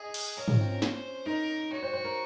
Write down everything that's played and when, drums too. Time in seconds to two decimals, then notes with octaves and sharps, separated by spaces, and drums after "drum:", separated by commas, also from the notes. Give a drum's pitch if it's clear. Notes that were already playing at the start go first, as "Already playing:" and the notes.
Already playing: G#4 D#5
0.14 drum: cymbal
0.37 A#4 C#5
0.48 F4, drum: tom G#2
0.59 C4
0.71 C#4
0.82 C5, drum: snare
1.26 D#4 A#4
1.71 F#4 C#5
1.83 C5
1.93 C5
2.04 A#4